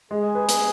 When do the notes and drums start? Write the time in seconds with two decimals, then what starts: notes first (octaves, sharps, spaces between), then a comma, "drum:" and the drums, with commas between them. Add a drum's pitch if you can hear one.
0.11 G#3 G#4
0.35 B4
0.49 drum: hi-hat